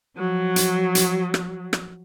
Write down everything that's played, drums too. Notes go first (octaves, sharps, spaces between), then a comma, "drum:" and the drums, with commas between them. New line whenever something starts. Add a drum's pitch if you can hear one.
F3 F#3
drum: hi-hat
drum: hi-hat
drum: rim click
drum: rim click